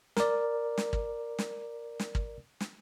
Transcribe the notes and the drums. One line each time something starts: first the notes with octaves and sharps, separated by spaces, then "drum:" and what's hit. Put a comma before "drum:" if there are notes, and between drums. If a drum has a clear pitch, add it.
A#4 D5, drum: snare
drum: snare
drum: kick
drum: snare
drum: snare
drum: kick
drum: snare